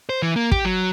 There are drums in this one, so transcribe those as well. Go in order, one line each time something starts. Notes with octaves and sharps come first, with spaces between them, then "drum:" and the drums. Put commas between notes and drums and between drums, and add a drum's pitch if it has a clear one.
C5
E3
A#3
G4, drum: kick
F#3